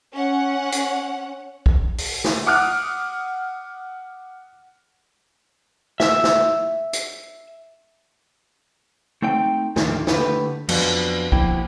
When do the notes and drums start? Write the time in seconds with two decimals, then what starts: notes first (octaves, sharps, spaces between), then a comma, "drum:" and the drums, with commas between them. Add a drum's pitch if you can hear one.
0.13 C#4 F#5
0.72 drum: hi-hat
1.66 drum: kick
1.98 drum: open hi-hat
2.24 drum: snare
2.46 F#5 D6 D#6 F6 F#6
6.00 E5 E6, drum: snare
6.24 drum: snare
6.93 drum: hi-hat
9.22 A3 C4 D#4 G5
9.76 D#2 A2 D3 D#3 F3 A#3, drum: snare
10.07 D3 A3 G4 B4, drum: snare
10.69 F2 F#3 B3 D4 F4, drum: cymbal
11.32 B2 F3 A#3 E4 G5, drum: kick